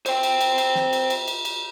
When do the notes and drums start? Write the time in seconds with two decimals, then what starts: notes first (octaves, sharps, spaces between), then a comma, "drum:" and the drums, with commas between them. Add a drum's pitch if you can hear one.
0.06 C5 G5, drum: cymbal
0.23 drum: cymbal
0.41 drum: cymbal
0.58 drum: cymbal
0.75 drum: snare
0.93 drum: cymbal
1.10 drum: cymbal
1.28 drum: cymbal
1.45 drum: cymbal